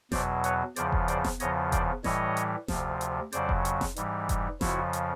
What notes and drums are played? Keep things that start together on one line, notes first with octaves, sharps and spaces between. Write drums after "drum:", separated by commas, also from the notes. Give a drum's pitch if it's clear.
E2 B2 F#3 C5 D5, drum: snare F1
B4 C#5, drum: hi-hat
E2 C#3 F3 C5 D5, drum: hi-hat
drum: kick F1
C5 D5, drum: hi-hat
drum: snare F1
E2 C#3 F3 C#5 D#5, drum: hi-hat
C5 D5, drum: kick F1, hi-hat
A2 E3 G3 C#5 D#5, drum: snare F1
drum: hi-hat
D2 C3 F3, drum: snare F1
drum: hi-hat
F2 C#3 F#3 C5 D5, drum: hi-hat
drum: kick F1
drum: hi-hat
drum: snare F1
G#2 E3 G3, drum: hi-hat
drum: kick F1, hi-hat
F2 C#3 F3 E4 F#4, drum: snare F1
drum: hi-hat